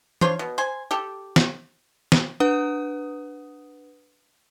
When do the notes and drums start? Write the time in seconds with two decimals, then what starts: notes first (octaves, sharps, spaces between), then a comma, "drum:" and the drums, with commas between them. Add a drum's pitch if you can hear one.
0.21 D4 F4 C5 C#5, drum: tom E3
0.39 B2
0.58 C5 G#5
0.91 G4 A4
1.36 drum: snare
2.12 drum: snare
2.40 D4 B4 F#5 D#6